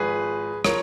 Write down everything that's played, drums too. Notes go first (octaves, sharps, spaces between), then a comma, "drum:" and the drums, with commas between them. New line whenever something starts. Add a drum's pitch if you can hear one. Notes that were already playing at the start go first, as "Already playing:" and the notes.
Already playing: G#1 G#2 F3 G#4 B4
F3 A#4 C#5, drum: rim click